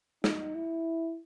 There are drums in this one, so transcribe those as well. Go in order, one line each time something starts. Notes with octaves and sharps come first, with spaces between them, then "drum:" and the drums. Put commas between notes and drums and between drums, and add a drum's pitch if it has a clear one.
D#4, drum: snare
E4